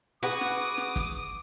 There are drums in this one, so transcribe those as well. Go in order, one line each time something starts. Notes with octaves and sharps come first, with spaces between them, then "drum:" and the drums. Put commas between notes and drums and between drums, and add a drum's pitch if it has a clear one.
F#4 G#4 B4 D6 D#6 F#6, drum: hi-hat
drum: snare
drum: snare
drum: kick, hi-hat